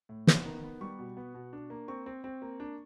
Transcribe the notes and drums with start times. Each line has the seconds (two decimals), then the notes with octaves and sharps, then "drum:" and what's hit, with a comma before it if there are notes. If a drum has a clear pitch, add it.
0.09 A2
0.27 B3, drum: snare
0.45 D#3
0.63 B3
0.81 G3 C#6
0.99 B2
1.17 B3
1.34 B2
1.53 D4
1.70 A#3
1.88 C4 C#6
2.06 C4
2.24 C4
2.42 A#3
2.60 D4